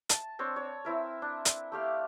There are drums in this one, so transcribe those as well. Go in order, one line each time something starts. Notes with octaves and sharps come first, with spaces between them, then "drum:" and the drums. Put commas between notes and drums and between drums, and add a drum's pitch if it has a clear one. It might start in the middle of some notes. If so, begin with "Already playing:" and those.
A5, drum: hi-hat
C4 D4 C#5
C#5
C4 E4 A#4
D4
drum: hi-hat
A3 G4 F5 D6